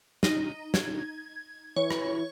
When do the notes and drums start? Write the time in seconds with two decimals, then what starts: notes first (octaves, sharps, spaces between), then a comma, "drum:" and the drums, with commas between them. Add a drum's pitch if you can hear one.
0.23 D#4, drum: snare
0.74 G#6, drum: snare
1.76 E3 C#5
1.91 drum: rim click